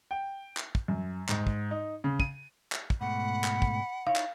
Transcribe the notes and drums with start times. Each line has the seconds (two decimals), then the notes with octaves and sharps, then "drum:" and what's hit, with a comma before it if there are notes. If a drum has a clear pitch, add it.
0.11 G5
0.57 drum: clap
0.75 drum: kick
0.88 F#2
1.29 G#2, drum: clap
1.47 drum: kick
1.71 D#4
2.04 C#3
2.20 D#7, drum: kick
2.72 drum: clap
2.90 drum: kick
3.01 G#2 B2 A3 F#5 B5
3.44 drum: clap
3.62 drum: kick
4.07 D#4 E4 C#5 F5
4.16 drum: clap